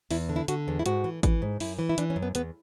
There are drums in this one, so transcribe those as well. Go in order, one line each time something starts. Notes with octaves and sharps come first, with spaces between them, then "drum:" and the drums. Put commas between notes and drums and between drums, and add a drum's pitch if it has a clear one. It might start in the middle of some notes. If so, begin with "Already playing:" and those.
E2 E4, drum: open hi-hat
D3
E4
D3 F#4, drum: hi-hat
E2
E4
G#2 F#4, drum: hi-hat
E3
E3, drum: kick G#1, hi-hat
G#2
F#2 E4, drum: open hi-hat
E3
E4
E3 D4, drum: hi-hat
C#4
F#2
B3
E2 B3, drum: hi-hat